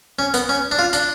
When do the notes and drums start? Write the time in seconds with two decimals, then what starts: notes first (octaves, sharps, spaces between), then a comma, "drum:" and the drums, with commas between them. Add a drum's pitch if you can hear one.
0.19 C#4
0.34 B3, drum: hi-hat
0.49 C#4
0.71 D4
0.79 F4
0.93 D4, drum: hi-hat